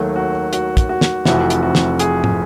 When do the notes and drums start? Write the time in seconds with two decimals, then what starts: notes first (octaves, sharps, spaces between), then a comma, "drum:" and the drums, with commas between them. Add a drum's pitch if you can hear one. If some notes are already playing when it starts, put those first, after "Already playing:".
Already playing: D#2 D#3 F#3 A3 F#4
0.16 F#4
0.53 F#4, drum: hi-hat
0.77 drum: kick, hi-hat
0.89 F#4
1.01 drum: snare
1.25 F1 F2 C3 E3 F#4, drum: snare
1.50 drum: hi-hat
1.63 F#4
1.75 drum: snare
1.99 G#4, drum: hi-hat
2.24 drum: tom